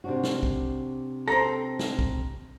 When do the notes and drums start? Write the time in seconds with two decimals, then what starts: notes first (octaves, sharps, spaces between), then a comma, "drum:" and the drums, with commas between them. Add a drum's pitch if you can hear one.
0.04 C3 D4 F#4
0.23 drum: snare
0.43 drum: kick
1.28 C4 A4 A#5 A#6
1.79 drum: snare
1.99 drum: kick